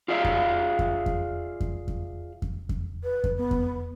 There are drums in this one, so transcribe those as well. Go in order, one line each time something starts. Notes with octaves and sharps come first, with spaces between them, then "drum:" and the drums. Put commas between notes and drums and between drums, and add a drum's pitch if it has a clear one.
F4 G#4 D5 E5 F5
drum: kick F2
drum: kick F2
drum: kick F2
drum: kick F2
drum: kick F2
drum: kick F2
drum: kick F2
B4
drum: kick F2
B3
drum: kick F2